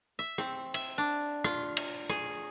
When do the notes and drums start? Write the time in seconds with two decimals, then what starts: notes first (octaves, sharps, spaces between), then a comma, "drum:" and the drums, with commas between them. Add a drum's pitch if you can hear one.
0.19 E5
0.38 C4, drum: rim click
0.74 E5, drum: cymbal
0.98 D4
1.44 F4, drum: rim click
1.77 drum: cymbal
2.10 G#4, drum: rim click